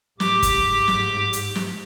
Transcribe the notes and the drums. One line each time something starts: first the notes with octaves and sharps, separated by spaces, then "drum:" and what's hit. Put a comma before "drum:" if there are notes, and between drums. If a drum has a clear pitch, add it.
G#2 G4 D6, drum: snare
drum: kick, hi-hat
drum: snare
drum: hi-hat
drum: snare